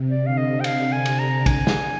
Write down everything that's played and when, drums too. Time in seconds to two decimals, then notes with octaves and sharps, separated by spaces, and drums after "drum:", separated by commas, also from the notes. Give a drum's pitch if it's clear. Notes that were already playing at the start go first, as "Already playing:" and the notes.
Already playing: C3
0.10 D5
0.23 D3 F5
0.37 D#5
0.60 G5
0.64 C3 F5, drum: cymbal
0.92 G#5
1.05 D3, drum: cymbal
1.19 A#5
1.46 D3 G#5, drum: kick, cymbal
1.67 drum: snare